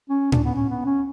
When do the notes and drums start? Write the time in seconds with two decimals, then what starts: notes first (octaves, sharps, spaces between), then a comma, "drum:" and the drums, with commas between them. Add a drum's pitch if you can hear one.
0.09 C#4
0.32 D4, drum: tom A2
0.44 B3
0.55 C#4
0.70 B3
0.85 C#4